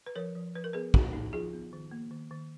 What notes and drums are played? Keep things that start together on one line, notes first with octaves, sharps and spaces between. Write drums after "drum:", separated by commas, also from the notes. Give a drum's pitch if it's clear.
B4
F3 A#4 C#5
F3
F3 B4
A#4
B3 G#4 B4
D#4 F#4, drum: kick
D#4
F3 F4 G#4
B3
D#3
A#3
D#3
D#3